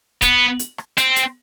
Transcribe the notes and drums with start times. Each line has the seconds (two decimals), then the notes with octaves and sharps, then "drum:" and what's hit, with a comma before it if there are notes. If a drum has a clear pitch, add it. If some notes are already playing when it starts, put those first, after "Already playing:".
0.22 B3, drum: kick, hi-hat
0.59 drum: hi-hat
0.78 drum: rim click
0.97 C4, drum: hi-hat
1.16 drum: hi-hat